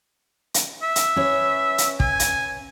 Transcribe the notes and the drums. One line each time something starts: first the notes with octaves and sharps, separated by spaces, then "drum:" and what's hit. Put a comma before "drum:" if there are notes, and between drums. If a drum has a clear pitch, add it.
drum: hi-hat
E5
drum: hi-hat
C#4 B4 C#5
drum: hi-hat
G#5, drum: kick
drum: hi-hat